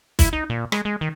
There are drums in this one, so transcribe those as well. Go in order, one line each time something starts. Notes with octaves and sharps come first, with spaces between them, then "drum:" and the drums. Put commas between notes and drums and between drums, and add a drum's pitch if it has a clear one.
E4, drum: kick, hi-hat
D#4
A#2
G#3, drum: rim click
G#3
D#3